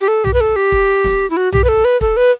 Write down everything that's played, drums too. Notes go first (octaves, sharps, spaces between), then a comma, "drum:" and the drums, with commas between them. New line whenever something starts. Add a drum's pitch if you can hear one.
G4
A4
G4, drum: tom B1
B4
A4
G4
drum: kick
drum: snare
E4
F#4
G4, drum: tom B1
B4
A4
B4
A4, drum: kick
B4